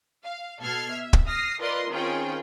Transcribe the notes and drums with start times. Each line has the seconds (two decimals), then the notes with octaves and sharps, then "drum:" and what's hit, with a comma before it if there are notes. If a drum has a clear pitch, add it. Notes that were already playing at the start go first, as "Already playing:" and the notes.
0.24 F5
0.60 B2 A4 F6 G#6 C7
0.91 E5
1.13 drum: kick
1.27 D#6 F6 A#6 C7
1.60 F4 A#4 B4 D5 D#5 C6
1.89 D#3 C4 C#4 F4 G#4 G5